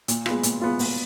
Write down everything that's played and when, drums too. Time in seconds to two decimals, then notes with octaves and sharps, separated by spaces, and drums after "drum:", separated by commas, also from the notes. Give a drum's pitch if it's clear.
0.08 A#2, drum: hi-hat
0.26 G#3 B3 F4, drum: rim click
0.43 A#2, drum: hi-hat
0.61 G#3 B3 F4
0.79 A#2, drum: open hi-hat